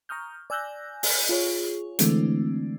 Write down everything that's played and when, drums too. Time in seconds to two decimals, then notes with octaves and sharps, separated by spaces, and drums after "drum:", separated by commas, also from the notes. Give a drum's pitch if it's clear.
0.09 A#5 C#6 D#6 F6 G6
0.50 D5 G#5 E6 F#6 G6 A#6
1.03 drum: open hi-hat
1.29 F4 G#4 C#5
1.99 D3 E3 G#3 A3 C4 D4, drum: hi-hat